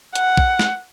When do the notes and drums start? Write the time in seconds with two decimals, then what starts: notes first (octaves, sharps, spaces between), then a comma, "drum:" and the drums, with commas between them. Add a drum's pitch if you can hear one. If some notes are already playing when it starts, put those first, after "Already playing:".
0.15 F#5, drum: hi-hat
0.37 drum: kick
0.59 drum: snare